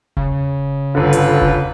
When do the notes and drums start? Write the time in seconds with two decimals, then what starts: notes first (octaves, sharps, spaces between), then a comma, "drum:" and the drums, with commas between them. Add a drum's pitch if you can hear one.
0.17 C#3, drum: kick E1
0.95 G1 D3 F4 A4 B4
1.13 drum: hi-hat
1.41 drum: kick E1